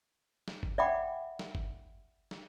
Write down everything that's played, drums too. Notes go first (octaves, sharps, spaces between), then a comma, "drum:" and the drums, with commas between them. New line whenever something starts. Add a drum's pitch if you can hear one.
drum: snare
drum: kick F#1
D5 E5 F#5 G5 B5 D6
drum: snare
drum: kick F#1
drum: snare